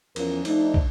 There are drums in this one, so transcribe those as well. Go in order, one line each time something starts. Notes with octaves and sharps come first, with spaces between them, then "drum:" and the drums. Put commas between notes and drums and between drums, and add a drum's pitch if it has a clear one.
E2 F3 C#4 F4 A#4, drum: cymbal
F3 A3 D4 D#4, drum: cymbal
drum: kick